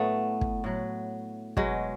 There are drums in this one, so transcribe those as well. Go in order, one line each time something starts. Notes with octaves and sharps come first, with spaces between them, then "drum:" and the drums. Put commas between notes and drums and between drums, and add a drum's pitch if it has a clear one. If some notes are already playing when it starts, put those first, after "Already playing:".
Already playing: A2 F#3 A3 B3
drum: kick
A2 F#3
B2 F#3 G#3, drum: kick